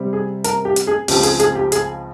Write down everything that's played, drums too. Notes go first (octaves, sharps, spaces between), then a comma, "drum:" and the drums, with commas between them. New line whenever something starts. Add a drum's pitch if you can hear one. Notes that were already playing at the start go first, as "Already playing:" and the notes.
Already playing: C3 G3 C4
G#4
A#4, drum: hi-hat
G4
drum: hi-hat
G#4
C#2 C#3 F3 C4 G4, drum: open hi-hat
G#4, drum: hi-hat
G#4, drum: hi-hat
G4
G#4, drum: hi-hat